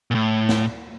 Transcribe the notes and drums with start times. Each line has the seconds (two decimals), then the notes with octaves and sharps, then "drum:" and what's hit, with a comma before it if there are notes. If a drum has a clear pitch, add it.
0.11 A#2
0.15 A2
0.49 drum: snare